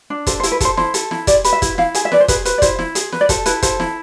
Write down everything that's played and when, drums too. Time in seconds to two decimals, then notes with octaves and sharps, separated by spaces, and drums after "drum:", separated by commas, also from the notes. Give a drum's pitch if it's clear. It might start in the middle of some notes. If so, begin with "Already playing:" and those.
0.10 D4
0.27 A4 C5, drum: kick, hi-hat
0.40 C5
0.43 E4, drum: hi-hat
0.52 B4
0.60 A4 C5, drum: kick, hi-hat
0.77 E4 C5, drum: snare
0.94 A4, drum: hi-hat
1.11 E4, drum: snare
1.27 G#4 D5, drum: kick, hi-hat
1.44 B4, drum: hi-hat
1.53 E5
1.62 E4, drum: kick, hi-hat
1.78 E4 F5, drum: snare
1.94 G#4 G#5, drum: hi-hat
2.05 E5
2.12 B4 D5, drum: snare
2.20 C5
2.28 G#4 B4, drum: kick, hi-hat
2.45 B4 C5, drum: hi-hat
2.58 D5
2.62 E4 C5, drum: kick, hi-hat
2.79 E4, drum: snare
2.95 G#4, drum: hi-hat
3.12 B4, drum: snare
3.21 D5
3.29 A4 C5, drum: kick, hi-hat
3.46 E4 B4, drum: hi-hat
3.62 A4 C5, drum: kick, hi-hat
3.80 E4, drum: snare